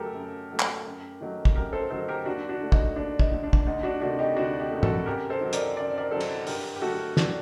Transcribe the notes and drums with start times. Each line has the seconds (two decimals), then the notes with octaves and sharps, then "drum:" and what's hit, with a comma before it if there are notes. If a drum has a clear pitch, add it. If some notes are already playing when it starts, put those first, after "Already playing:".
Already playing: F#2 F#3 A3 G4 A4 A#4
0.15 F#2
0.51 F#3 A3
0.60 drum: clap
0.86 F#2
1.21 D#3 F#3 A3
1.45 drum: kick
1.56 F#2 G4 A#4
1.73 A4 C5
1.90 D#3 F#3 A3 A4 C5
2.08 G4 A#4
2.25 D#2 D4 F#4
2.49 D4 F#4
2.61 D3 A3
2.72 D#4, drum: kick
2.96 D#2 D4
3.19 D#4, drum: kick
3.32 D3 A3
3.43 D4
3.53 drum: kick
3.66 D2 D#4
3.83 D4 F#4
4.01 C3 D#3 A3 D4 F#4
4.19 D#4 G4
4.36 D2 D4 F#4
4.59 D#4 G4
4.72 C3 D#3 A3
4.83 F#4 A4, drum: tom
5.06 F#2 G4 A#4
5.30 A4 C5
5.41 D#3 F#3
5.53 A#4 D5, drum: hi-hat
5.77 F#2 D5
5.98 A#4 D5
6.11 D#3 F#3 A4 C5
6.20 drum: cymbal
6.47 G2 G4 A#4, drum: open hi-hat
6.76 G4
6.81 D3 F#3 A3 F#4 A4
7.17 D4 F#4, drum: snare